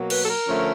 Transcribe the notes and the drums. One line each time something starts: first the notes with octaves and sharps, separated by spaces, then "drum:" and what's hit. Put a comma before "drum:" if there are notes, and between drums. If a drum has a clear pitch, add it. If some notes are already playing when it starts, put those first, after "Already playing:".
Already playing: B2 F#3 A#3
B4, drum: cymbal
A4
A#4
D3 F3 A3 C#4